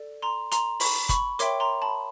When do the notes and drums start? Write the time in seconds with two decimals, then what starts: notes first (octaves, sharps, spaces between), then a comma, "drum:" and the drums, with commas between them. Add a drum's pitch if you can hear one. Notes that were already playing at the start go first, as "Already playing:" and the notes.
Already playing: A4 D5
0.22 A#5 C6
0.52 A#5 C6, drum: hi-hat
0.80 B5 C#6, drum: open hi-hat
1.09 B5 C#6, drum: kick F#1, hi-hat
1.39 A#4 C#5 E5 G5 C6 D6, drum: hi-hat
1.60 A#5 C6
1.82 A5 B5